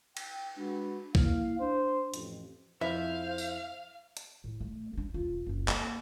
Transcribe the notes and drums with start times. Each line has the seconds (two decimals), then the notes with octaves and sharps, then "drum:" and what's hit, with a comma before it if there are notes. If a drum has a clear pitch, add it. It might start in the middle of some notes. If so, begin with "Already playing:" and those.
0.17 G5, drum: cymbal
0.57 G#3 D4 F#4 B4
1.15 A#3 E4 F5, drum: kick
1.60 D4 C5
2.14 A1 F2, drum: hi-hat
2.81 F2 E4 C5 E5 F5
3.38 drum: tambourine
4.17 drum: hi-hat
4.44 A2
4.61 A3
4.93 G3 D4
5.14 E1 F4
5.47 F#1 C#2
5.68 A#3, drum: clap